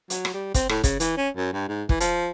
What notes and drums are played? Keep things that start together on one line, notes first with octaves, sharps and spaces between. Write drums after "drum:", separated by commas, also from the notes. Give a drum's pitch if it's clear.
F#3, drum: hi-hat
drum: rim click
G3
C4, drum: kick, hi-hat
A2, drum: rim click
C#3, drum: kick, hi-hat
E3, drum: hi-hat
C#4
F#2
G2
G#2
E3, drum: kick
F3, drum: hi-hat